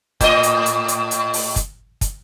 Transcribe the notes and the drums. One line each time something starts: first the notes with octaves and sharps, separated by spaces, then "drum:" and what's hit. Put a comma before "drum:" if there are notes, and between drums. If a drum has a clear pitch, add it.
A2 D#5, drum: kick, hi-hat
drum: hi-hat
drum: hi-hat
drum: hi-hat
drum: hi-hat
drum: open hi-hat
drum: kick, hi-hat
drum: kick, hi-hat